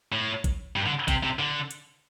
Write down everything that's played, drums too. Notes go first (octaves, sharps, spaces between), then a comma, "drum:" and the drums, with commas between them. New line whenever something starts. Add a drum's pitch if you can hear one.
A2
drum: kick G#1, hi-hat
G2
D3
C3, drum: kick G#1, hi-hat
C3
D3
drum: hi-hat